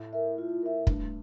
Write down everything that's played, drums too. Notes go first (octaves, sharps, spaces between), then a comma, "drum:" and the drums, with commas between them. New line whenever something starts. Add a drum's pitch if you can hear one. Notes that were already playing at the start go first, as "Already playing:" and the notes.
Already playing: A2
A#4 E5
F4
A#4 E5
G2 A3, drum: kick